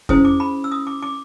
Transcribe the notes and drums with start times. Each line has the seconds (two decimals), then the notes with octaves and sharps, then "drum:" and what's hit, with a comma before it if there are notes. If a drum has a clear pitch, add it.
0.09 C#4 E4 G#4 C5 D#6, drum: kick F2
0.25 D6
0.40 B5
0.64 E6
0.72 D#6
0.87 D6
1.03 D6